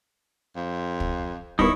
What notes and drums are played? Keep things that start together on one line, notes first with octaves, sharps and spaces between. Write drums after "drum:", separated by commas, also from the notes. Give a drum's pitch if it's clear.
F2
drum: kick
G3 B3 D#4 E4 A#4 C#5, drum: kick